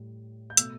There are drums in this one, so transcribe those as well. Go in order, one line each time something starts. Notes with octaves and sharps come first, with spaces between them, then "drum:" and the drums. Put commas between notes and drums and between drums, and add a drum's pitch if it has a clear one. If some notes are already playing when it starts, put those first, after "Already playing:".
Already playing: A2 G3
G6
B2 A3 E6, drum: hi-hat